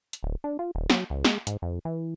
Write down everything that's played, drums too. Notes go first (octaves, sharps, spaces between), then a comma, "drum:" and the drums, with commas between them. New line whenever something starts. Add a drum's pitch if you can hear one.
drum: hi-hat
D1
D4
F4
D#1
F#3, drum: snare
C#2
G#3, drum: snare
G#2, drum: hi-hat
F2
E3